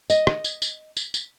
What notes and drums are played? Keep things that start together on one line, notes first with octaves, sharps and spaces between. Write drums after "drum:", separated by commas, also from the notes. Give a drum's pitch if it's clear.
D#5, drum: tambourine
drum: rim click
drum: tambourine
drum: tambourine
drum: tambourine
drum: tambourine